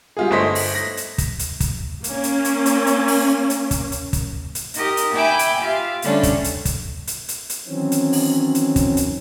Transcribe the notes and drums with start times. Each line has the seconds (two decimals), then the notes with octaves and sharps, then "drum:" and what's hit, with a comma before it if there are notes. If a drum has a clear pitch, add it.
0.17 G3 F4 G#4
0.31 G1 A3 C5 D#5 B6
0.55 drum: open hi-hat
0.75 A#6
0.97 drum: hi-hat
1.18 drum: kick, hi-hat
1.39 drum: hi-hat
1.60 drum: kick, hi-hat
2.04 A#3 C#4, drum: hi-hat
2.23 drum: hi-hat
2.45 drum: hi-hat
2.66 drum: hi-hat
2.87 drum: hi-hat
3.08 drum: open hi-hat
3.50 drum: hi-hat
3.71 drum: kick, hi-hat
3.92 drum: hi-hat
4.13 drum: kick, hi-hat
4.55 drum: hi-hat
4.74 D#4 G4 A#4 D#5, drum: hi-hat
4.97 drum: hi-hat
5.13 E5 G5 G#5 B5 D6 E6
5.39 drum: hi-hat
5.60 F4 G4 E5 F5
6.02 D3 G3 A3 C#4 D4, drum: hi-hat
6.23 drum: kick, hi-hat
6.44 drum: hi-hat
6.65 drum: kick, hi-hat
7.07 drum: hi-hat
7.28 drum: hi-hat
7.50 drum: hi-hat
7.67 D#3 E3 F#3 C4 C#4
7.92 drum: hi-hat
8.13 drum: open hi-hat
8.55 drum: hi-hat
8.76 drum: kick, hi-hat
8.97 drum: hi-hat